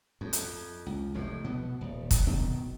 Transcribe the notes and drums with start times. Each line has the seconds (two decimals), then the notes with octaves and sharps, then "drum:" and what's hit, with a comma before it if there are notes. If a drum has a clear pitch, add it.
0.21 F2
0.33 drum: hi-hat
0.86 C#2
1.14 F1 F2 A2
1.44 B2 B3
1.81 D#1
2.11 drum: kick, hi-hat
2.27 B2 D#3